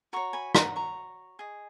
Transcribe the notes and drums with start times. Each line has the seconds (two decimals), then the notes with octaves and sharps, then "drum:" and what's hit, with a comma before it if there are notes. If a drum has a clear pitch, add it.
0.13 F#4 C#5 A#5 C#6
0.33 G#5 B5
0.55 F#5 A#5, drum: rim click
0.76 A#5 C#6
1.39 G#4 D#5